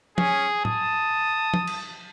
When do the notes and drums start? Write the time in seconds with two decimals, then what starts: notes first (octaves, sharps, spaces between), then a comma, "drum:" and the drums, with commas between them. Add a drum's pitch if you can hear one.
0.18 C#4 G#4, drum: tom
0.65 A5 D#6, drum: tom
1.54 drum: tom
1.67 drum: cymbal